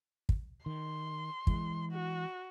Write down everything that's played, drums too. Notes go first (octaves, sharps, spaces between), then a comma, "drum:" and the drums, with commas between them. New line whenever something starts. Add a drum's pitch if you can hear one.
drum: kick
D#3 C6
E3 G#3, drum: kick
F#4